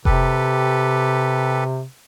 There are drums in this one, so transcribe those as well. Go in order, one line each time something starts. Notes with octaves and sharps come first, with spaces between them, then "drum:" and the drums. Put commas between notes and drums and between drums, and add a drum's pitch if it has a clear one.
C3 G4 A4 B4, drum: kick F1